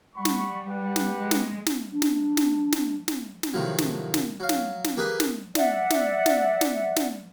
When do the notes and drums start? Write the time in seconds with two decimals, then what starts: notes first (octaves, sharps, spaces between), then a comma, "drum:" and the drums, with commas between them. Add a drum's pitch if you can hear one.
0.16 G3 F#5 B5 C#6
0.25 drum: snare
0.68 G4 B4 F#5
0.96 drum: snare
1.20 G#3
1.31 drum: snare
1.66 drum: snare
1.92 D4
2.02 drum: snare
2.37 drum: snare
2.72 drum: snare
3.08 drum: snare
3.43 drum: snare
3.54 A2 C3 D#3 F3 F#3
3.78 drum: snare
4.14 drum: snare
4.40 F#3 F5
4.49 drum: snare
4.84 drum: snare
4.97 A#3 G4 G#4 B4 G#5
5.20 drum: snare
5.55 D5 E5 F#5, drum: snare
5.90 drum: snare
6.26 drum: snare
6.61 drum: snare
6.96 drum: snare